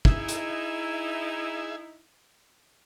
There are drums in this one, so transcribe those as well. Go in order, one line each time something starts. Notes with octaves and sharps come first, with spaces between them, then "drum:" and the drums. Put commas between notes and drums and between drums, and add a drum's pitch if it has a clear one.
D#4 E4 G#4 E5, drum: kick
drum: hi-hat